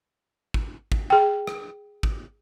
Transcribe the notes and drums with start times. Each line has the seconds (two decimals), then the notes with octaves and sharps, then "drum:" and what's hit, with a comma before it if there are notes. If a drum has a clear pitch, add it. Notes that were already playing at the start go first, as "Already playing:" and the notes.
0.54 drum: kick G#1
0.92 drum: kick G#1
1.10 G#4 G5
1.47 drum: rim click
2.03 drum: kick G#1